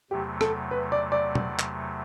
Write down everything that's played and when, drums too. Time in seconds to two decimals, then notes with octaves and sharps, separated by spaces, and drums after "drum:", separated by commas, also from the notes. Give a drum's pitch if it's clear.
0.11 E2 C3 F#3 A3 G4
0.41 A4, drum: rim click
0.71 B4
0.92 D5
1.12 D5
1.35 drum: tom
1.59 drum: clap